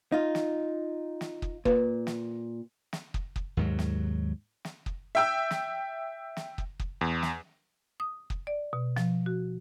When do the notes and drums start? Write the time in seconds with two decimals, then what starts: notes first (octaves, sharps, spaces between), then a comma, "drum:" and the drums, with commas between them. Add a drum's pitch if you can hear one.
0.12 D#4 F4
0.35 drum: snare
1.21 drum: snare
1.42 drum: kick
1.65 A#2 B4, drum: kick
2.07 drum: snare
2.93 drum: snare
3.14 drum: kick
3.36 drum: kick
3.57 D#2 G#2 F#3
3.79 drum: snare
4.65 drum: snare
4.86 drum: kick
5.15 E5 G5 E6
5.51 drum: snare
6.37 drum: snare
6.58 drum: kick
6.80 drum: kick
7.01 E2
7.23 drum: snare
8.00 D#6
8.30 drum: kick
8.47 D5
8.73 B2
8.96 F3, drum: snare
9.26 F#4